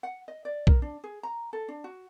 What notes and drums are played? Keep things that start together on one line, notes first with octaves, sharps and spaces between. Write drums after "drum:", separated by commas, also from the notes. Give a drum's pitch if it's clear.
F#5
D#5
D5
A#4, drum: kick B1
D4
G#4
A#5
A4
D4
F#4